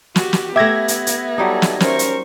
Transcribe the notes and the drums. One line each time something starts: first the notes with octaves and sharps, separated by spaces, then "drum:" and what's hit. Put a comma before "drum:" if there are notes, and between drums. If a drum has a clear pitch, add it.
F#4 G4, drum: snare
drum: snare
A3 B3 G4 E5 G#6 A#6
drum: hi-hat
drum: hi-hat
F#3 G3 D#4 A4 D#5
drum: snare
C#4 A#4 C5 C#6, drum: snare
drum: hi-hat